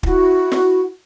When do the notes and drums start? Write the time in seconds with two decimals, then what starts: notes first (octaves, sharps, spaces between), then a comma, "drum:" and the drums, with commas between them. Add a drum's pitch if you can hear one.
0.03 E4 F#4, drum: kick
0.52 drum: snare